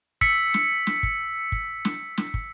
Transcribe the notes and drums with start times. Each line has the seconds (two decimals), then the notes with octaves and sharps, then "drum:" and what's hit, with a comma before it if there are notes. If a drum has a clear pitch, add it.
0.21 E6 B6 C#7, drum: kick
0.54 drum: snare
0.87 drum: snare
1.03 drum: kick
1.52 drum: kick
1.85 drum: snare
2.18 drum: snare
2.34 drum: kick